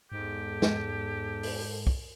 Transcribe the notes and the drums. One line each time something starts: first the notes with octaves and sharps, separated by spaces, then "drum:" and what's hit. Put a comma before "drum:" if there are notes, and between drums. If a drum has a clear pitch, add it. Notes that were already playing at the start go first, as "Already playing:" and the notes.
E2 G#2 G4 A4
drum: snare
drum: open hi-hat
drum: kick